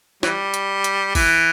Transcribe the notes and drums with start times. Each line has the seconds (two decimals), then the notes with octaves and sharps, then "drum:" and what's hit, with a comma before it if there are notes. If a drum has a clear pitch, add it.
0.23 E3 G3, drum: snare
0.54 drum: hi-hat
0.84 drum: hi-hat
1.15 E3, drum: kick, open hi-hat